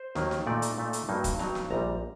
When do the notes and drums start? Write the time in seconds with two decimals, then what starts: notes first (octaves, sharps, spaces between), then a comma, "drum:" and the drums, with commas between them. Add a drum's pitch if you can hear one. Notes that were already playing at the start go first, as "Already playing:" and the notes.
Already playing: C5
0.15 D#2 D#3 F#3 A#3, drum: snare
0.31 drum: snare
0.47 A#2 A3 D#4 D5
0.62 drum: hi-hat
0.78 A#2 A3 D#4
0.93 drum: hi-hat
1.09 G2 F#3 A#3 D#4
1.24 drum: kick, hi-hat
1.39 G2 F#3 A#3 D#4 A#5, drum: snare
1.55 drum: snare
1.71 A#1 A#2 G3 A#5